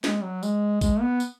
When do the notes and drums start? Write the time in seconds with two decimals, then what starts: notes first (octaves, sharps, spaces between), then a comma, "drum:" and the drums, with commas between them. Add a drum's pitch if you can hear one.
0.04 G#3, drum: snare
0.23 F#3
0.43 G#3, drum: tambourine
0.81 G#3, drum: kick A1, tambourine
1.01 B3
1.20 drum: tambourine